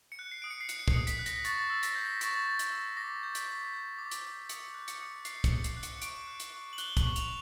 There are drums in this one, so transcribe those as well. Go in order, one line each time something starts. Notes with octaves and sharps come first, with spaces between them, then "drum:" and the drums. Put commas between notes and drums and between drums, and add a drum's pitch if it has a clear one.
C#7
F#6
C7
D#6 D7
C#7
C7
F#6 C#7, drum: hi-hat
C#7
C7, drum: kick
D#6
B6, drum: hi-hat
F#6
A#6, drum: hi-hat
C#6 A6, drum: hi-hat
E6
A#6, drum: hi-hat
G6 B6
A#6
C#6 A6, drum: hi-hat
C#6
drum: hi-hat
E6
D6 A#6
G6
B6, drum: hi-hat
D6
G6
D6
drum: hi-hat
G6
D#6 C#7, drum: hi-hat
F#6
C#7, drum: hi-hat
D#6
F#6 C7, drum: hi-hat
C#7, drum: kick, hi-hat
D#6
C7, drum: hi-hat
F#6
C#7, drum: hi-hat
C#6 D7, drum: hi-hat
F#6
drum: hi-hat
C#6
F#7
F#6 G7, drum: hi-hat
F#7, drum: kick, hi-hat
C#6
F7, drum: hi-hat